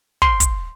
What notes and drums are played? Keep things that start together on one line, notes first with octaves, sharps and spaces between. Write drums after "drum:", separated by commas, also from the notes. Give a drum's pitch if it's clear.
C6, drum: kick
drum: kick, hi-hat